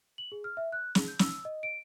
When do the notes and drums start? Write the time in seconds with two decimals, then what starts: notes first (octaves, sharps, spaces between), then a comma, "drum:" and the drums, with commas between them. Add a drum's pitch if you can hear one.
0.18 F#7
0.32 G#4
0.44 F6
0.57 E5
0.72 F#6
0.95 G#4, drum: snare
1.08 G6
1.19 E6, drum: snare
1.45 D#5
1.63 D7